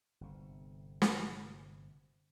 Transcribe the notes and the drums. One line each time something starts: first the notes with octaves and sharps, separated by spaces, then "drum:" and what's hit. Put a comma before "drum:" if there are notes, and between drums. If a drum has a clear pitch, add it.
G1 C3
drum: snare